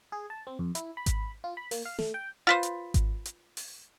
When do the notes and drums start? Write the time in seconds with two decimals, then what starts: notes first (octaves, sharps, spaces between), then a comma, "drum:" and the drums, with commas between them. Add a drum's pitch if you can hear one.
0.12 G#4
0.30 A5
0.47 C4
0.59 F2
0.75 E4, drum: hi-hat
0.97 B5
1.06 drum: kick G#1, hi-hat
1.44 F4
1.57 B5
1.71 A#3, drum: open hi-hat
1.85 F5
1.99 A3, drum: snare
2.14 G5
2.47 F4 B4 C5
2.63 drum: hi-hat
2.94 drum: kick G#1, hi-hat
3.26 drum: hi-hat
3.57 drum: open hi-hat